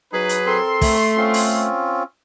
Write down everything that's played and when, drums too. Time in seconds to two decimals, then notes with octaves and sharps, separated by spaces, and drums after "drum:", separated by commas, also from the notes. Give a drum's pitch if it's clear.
0.12 F#3 D#4 G#4 B4
0.29 drum: hi-hat
0.46 C4 A4 A#4 C6
0.81 A3, drum: kick, open hi-hat
1.17 C4 C#4 F4
1.34 drum: open hi-hat